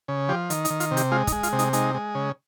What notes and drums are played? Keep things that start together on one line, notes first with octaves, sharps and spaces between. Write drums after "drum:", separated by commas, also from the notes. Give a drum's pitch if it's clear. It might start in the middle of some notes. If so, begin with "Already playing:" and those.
C#3
F3 G4
D#3, drum: hi-hat
D#4, drum: hi-hat
D#3
F4, drum: hi-hat
C3
G4, drum: hi-hat
G#3 F4
D#4, drum: kick, hi-hat
G#3
F4, drum: hi-hat
C3
D#4, drum: hi-hat
G#3 D#4, drum: hi-hat
G#3
C#3